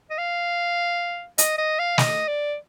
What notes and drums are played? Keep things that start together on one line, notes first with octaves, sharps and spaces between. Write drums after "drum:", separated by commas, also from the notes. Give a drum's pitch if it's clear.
D#5
F5
D#5, drum: hi-hat
D#5
F5
D#5, drum: snare
D5